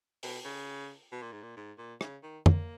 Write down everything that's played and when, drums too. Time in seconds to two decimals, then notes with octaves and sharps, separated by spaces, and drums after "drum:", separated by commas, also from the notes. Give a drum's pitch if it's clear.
0.23 B2, drum: open hi-hat
0.44 C#3
1.12 B2
1.22 A#2
1.32 G#2
1.43 A#2
1.56 G#2
1.78 A#2
2.01 C#3, drum: rim click
2.23 D#3
2.46 A#3, drum: tom F2